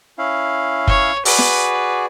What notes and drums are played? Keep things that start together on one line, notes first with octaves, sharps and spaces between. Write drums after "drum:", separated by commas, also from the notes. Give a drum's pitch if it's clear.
C#4 E4 F5
C#5, drum: kick F#1
F#4 G#4 B4 D5, drum: open hi-hat
drum: snare